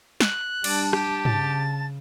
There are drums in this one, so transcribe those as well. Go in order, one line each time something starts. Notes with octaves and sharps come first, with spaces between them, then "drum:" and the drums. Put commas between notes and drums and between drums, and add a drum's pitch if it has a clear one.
F#6, drum: snare
G3 D4 D5 A5, drum: cymbal
G4, drum: rim click
C#3 A6, drum: tom